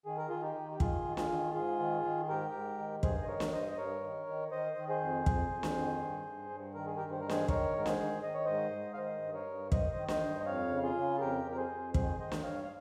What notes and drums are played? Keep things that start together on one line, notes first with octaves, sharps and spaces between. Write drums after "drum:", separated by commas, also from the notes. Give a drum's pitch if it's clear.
D#3 G#4
A#4
D#3 F4 G#4
D#4 G4
D#3
G4
D#3 F4 G#4, drum: kick
D#3
F4 G#4, drum: snare
D#3
G#2 F4 G#4
D#3
D#3
G#2 G4 A#4
G#2
D#3
G2 G#4 C5, drum: kick
D#5
D#3 A#4 C#5
drum: snare
G2 C5 D#5
D#5
G2 A#4 C#5
D#3
D#3
D#3 C5 D#5
D#3
G#4 C5
F2
F2, drum: kick
F2
drum: snare
D#3
G2
G2
G2
D#3 A#4
G#4
G2 G4 A#4
C5
D#3 A#4
G#4 C5, drum: snare
D#3 A#4 C#5, drum: kick
G#2 A#4
G#4 C5, drum: snare
D#3
D#3 D#5
C#5
G#2 C5 D#5
G#2
F5
D#3 C5 D#5
G2
A#4 C#5
G2
D#3 C5 D#5, drum: kick
D#3
C5 D#5, drum: snare
G2
D#5
F2 C#5 F5
C#3
F4 G#4
C#3
F2 G4 A#4
F2
A#4
G#4 C5
F2
D#3 G#4 C5, drum: kick
D#3 C5 D#5
drum: snare
G2 C#5 F5
F5